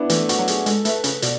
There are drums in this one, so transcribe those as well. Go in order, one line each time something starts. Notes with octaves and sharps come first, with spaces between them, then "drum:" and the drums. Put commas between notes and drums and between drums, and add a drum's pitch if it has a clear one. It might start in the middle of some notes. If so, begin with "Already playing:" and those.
Already playing: B3 D4 E4
E3 A3, drum: hi-hat
F#4, drum: hi-hat
F#3
G#4, drum: hi-hat
G#3 A4, drum: hi-hat
A3 B4, drum: hi-hat
C#3 B4, drum: hi-hat
B2 D5, drum: hi-hat